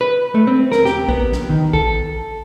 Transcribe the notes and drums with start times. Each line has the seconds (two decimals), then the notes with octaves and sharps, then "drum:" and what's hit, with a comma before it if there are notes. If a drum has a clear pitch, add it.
0.01 B4
0.35 A3
0.47 C4
0.72 A#4, drum: snare
0.85 G4, drum: snare
1.09 B3, drum: kick A1
1.32 drum: snare
1.49 D#3
1.73 A4, drum: kick A1